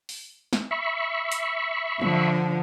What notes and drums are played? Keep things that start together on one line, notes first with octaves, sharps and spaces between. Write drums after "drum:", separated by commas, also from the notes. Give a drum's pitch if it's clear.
drum: open hi-hat
drum: snare
E5 B5 C#6
drum: hi-hat
D3 F3, drum: tom